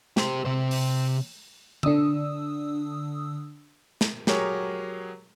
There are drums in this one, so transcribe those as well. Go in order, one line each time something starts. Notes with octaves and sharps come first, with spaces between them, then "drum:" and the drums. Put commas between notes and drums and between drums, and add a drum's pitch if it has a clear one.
G4 C5, drum: snare
C3 C5
drum: open hi-hat
D3 D4 D#6 E6, drum: tom D3
drum: snare
F#3 G4 G#4 A#4 C#5, drum: snare